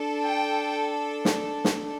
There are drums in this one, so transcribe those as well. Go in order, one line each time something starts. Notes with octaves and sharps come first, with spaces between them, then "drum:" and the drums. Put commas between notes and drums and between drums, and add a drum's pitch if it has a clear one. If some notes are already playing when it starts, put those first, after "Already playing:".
Already playing: D4 A4
G5
drum: snare
drum: snare